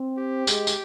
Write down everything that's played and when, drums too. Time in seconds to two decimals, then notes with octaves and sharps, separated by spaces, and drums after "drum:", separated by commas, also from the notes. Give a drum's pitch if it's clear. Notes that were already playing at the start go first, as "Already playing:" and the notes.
Already playing: C4
0.18 G4
0.47 G#3, drum: tambourine
0.67 drum: tambourine